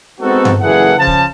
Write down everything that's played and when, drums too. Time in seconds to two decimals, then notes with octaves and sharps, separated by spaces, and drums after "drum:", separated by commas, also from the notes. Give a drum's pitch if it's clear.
0.21 G#3 B3 C4 D#4 F#4 A4
0.45 drum: tom G2
0.61 F#1 A#2 E3 G#4 A4 F#5
0.98 C#3 F3 A5
1.07 drum: kick